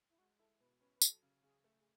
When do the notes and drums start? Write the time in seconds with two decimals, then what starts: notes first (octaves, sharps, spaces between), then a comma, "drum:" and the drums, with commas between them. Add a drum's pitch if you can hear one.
0.10 E4
0.18 G#3 F#4
0.39 E4 A4
0.60 B2 B4
0.81 C#4 B4
0.96 B4
1.02 F#3 A4, drum: tambourine
1.23 C#3
1.43 C#3 G#4
1.64 A3
1.80 G#4